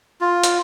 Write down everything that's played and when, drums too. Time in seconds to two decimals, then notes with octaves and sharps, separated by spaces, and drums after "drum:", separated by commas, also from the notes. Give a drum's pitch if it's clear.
0.21 F4
0.43 drum: hi-hat